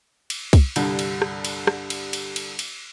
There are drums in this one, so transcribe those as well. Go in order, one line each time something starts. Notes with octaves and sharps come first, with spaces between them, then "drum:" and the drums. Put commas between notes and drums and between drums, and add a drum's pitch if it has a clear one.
drum: cymbal
drum: kick, cymbal
C2 G2 D3 G3, drum: cymbal
drum: cymbal
drum: rim click
drum: cymbal
drum: rim click
drum: cymbal
drum: cymbal
drum: cymbal
drum: cymbal